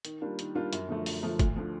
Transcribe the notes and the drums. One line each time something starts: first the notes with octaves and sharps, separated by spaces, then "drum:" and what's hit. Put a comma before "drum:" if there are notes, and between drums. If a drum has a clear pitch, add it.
D#3, drum: hi-hat
G3 A#3 D4 F4
D#3, drum: hi-hat
G3 A#3 D4 F4
F#2, drum: hi-hat
D3 F3 A3
F#2, drum: open hi-hat
D3 F3 A3
D2, drum: kick G1, hi-hat
D3 F3